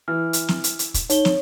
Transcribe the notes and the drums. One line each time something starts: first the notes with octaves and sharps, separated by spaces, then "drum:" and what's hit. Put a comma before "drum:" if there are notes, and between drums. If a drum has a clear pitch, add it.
E3 F6
drum: hi-hat
drum: snare
drum: hi-hat
drum: hi-hat
drum: kick, hi-hat
D#4 C#5 G7, drum: hi-hat
drum: snare